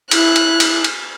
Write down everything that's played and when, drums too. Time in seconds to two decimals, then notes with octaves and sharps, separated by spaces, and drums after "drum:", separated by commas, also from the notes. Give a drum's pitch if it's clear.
0.11 E4 F#6, drum: cymbal
0.36 drum: cymbal
0.60 drum: cymbal
0.84 drum: cymbal